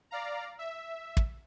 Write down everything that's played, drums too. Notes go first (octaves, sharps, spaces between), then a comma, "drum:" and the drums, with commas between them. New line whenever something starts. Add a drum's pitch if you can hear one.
D5 F5 A#5
E5
drum: kick